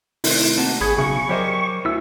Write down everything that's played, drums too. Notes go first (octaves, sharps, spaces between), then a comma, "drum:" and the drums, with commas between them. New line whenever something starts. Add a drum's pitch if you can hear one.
C3 D#3 A3 E4, drum: open hi-hat
A#3 C4 F#4 A5
A1 G#4 C#5 G#5 B5
B1 C#3 C#6
F#3 G4 A#4 C5 D5 D#5
D2 D3 B3 E4 E6